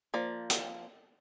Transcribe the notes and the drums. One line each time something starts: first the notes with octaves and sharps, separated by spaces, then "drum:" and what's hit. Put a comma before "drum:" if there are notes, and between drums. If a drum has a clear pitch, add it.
F3 A#3 D5
drum: hi-hat